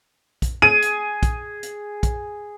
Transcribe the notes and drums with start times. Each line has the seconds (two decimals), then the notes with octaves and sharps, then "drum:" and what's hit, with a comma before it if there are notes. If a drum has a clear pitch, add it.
0.42 drum: kick, hi-hat
0.62 G#4 D#7
0.82 drum: hi-hat
1.23 drum: kick, hi-hat
1.63 drum: hi-hat
2.03 drum: kick, hi-hat